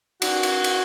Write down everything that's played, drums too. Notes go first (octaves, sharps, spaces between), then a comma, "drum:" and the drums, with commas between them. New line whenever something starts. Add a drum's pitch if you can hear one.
F#4, drum: cymbal
drum: cymbal
drum: cymbal